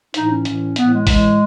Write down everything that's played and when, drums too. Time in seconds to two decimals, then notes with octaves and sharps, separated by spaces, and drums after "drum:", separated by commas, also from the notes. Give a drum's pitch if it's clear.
0.14 A2 E3 D#4, drum: hi-hat
0.30 C#4
0.45 A2 E3, drum: hi-hat
0.76 A2 E3 B3, drum: hi-hat
0.92 G#3
1.07 A2 E3 G#3, drum: kick A1, open hi-hat